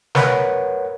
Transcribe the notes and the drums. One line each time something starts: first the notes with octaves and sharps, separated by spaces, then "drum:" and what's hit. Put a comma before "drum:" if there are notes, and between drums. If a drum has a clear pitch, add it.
A#4 B4 C#5 F#5, drum: snare